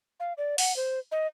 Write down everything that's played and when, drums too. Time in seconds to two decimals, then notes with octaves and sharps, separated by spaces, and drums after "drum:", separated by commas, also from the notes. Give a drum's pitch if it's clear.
0.20 F5
0.37 D5
0.58 F#5, drum: open hi-hat
0.76 C5
1.12 D#5